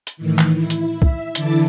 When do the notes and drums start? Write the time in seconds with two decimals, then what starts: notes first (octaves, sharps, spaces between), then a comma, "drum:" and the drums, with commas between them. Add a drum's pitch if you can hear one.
0.07 drum: hi-hat
0.17 A2 D#3 E3
0.39 drum: clap
0.53 E4
0.70 drum: hi-hat
1.02 E5, drum: kick C2
1.35 D3 E3 E4 A5 D6, drum: hi-hat